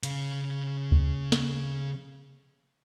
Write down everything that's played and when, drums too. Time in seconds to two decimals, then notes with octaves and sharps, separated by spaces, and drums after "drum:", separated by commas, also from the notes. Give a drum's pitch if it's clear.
0.03 C#3 F5, drum: hi-hat
0.92 drum: kick D2
1.32 drum: snare